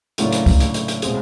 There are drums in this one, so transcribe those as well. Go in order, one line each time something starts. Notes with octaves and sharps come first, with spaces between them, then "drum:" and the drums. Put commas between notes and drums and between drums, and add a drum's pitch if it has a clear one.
A2 C#3 F#3 A#3 D4 F4, drum: hi-hat
drum: hi-hat
drum: kick, open hi-hat
drum: hi-hat
drum: hi-hat
drum: hi-hat
B2 G#3 C4 F4 G#4, drum: hi-hat